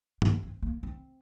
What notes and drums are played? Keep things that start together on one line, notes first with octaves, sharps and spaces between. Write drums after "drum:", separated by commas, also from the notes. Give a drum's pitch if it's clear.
A#3, drum: tom
C4
A#3
C4